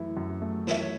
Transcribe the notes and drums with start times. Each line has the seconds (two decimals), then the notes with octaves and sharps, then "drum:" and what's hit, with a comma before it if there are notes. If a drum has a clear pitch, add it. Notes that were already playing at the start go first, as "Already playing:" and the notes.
Already playing: F#2 E3 A3 E4
0.17 F#2
0.42 A3
0.67 E3 E5, drum: snare
0.80 C#5